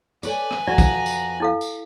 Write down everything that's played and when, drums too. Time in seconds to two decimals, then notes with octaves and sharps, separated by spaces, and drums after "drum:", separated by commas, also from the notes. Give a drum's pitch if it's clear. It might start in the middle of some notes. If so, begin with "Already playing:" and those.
0.23 A4 B4 C#5 D5 G#5, drum: tambourine
0.51 drum: rim click
0.67 F2 F#4 D5 A#5
0.78 drum: kick, tambourine
1.06 drum: tambourine
1.40 E4 A4 F5
1.61 drum: tambourine